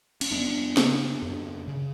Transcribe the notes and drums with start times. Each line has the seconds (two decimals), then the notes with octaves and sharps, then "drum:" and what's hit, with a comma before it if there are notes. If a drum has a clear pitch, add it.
0.21 C#4, drum: cymbal
0.31 F#2 B3 D4
0.77 C#3, drum: snare
1.22 F#2
1.68 C#3